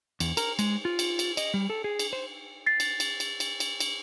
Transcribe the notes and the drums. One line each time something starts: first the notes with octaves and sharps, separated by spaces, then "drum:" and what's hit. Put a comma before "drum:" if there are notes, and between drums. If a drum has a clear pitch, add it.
E2, drum: cymbal
A#4, drum: cymbal
G#3, drum: cymbal
F4
drum: cymbal
drum: cymbal
D#5, drum: cymbal
G3
A4
G#4
drum: cymbal
C5
A6 C7
drum: cymbal
drum: cymbal
drum: cymbal
drum: cymbal
drum: cymbal
drum: cymbal